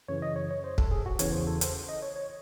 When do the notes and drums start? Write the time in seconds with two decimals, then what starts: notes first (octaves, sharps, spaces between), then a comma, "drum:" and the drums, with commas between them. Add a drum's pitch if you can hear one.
0.08 F#2 C#3 E3 C#5
0.22 D#5
0.36 C#5
0.51 C#5
0.64 C5
0.78 A4, drum: kick
0.91 G#4
1.06 F#4
1.19 E2 C#3 E3 C#5, drum: hi-hat
1.33 C5
1.47 A4
1.61 C5, drum: hi-hat
1.89 D#5
2.02 C#5
2.16 C#5